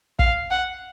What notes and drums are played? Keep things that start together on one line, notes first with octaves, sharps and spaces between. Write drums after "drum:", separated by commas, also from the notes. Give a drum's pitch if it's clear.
F5, drum: kick
F#5